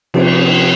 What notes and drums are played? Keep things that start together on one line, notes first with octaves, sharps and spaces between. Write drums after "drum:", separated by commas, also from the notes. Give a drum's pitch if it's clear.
C3 F3 C4 F4, drum: cymbal